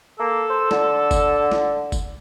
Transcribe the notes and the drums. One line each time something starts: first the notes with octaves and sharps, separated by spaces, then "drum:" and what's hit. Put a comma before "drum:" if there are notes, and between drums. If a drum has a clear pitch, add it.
A#3 A4
C5
D3, drum: snare
drum: kick F#1, tambourine
drum: snare
drum: kick F#1, tambourine